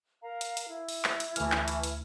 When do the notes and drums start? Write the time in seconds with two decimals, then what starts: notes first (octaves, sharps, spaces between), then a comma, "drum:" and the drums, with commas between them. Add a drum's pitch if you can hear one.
0.22 A#4 F5 A#5
0.41 drum: hi-hat
0.57 drum: hi-hat
0.67 E4
0.89 drum: open hi-hat
1.04 drum: clap
1.20 drum: hi-hat
1.36 D2 E3 A3 F6, drum: hi-hat
1.52 drum: clap
1.68 drum: hi-hat
1.83 drum: hi-hat